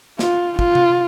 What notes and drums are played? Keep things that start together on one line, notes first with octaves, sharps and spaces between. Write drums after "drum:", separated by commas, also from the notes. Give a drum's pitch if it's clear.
F4, drum: snare
F4, drum: kick
drum: tom C3